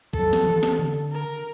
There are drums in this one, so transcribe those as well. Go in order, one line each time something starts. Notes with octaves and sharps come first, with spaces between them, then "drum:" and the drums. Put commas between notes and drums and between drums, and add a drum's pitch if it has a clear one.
A4, drum: kick
F#3
F3, drum: snare
E3
drum: snare
D3
A#4